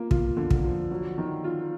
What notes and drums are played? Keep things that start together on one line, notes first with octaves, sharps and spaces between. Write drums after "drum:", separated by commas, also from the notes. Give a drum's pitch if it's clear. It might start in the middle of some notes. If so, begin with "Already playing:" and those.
Already playing: A#3 F4
F4, drum: kick
D3
drum: kick
F3
F#3
D#3
F4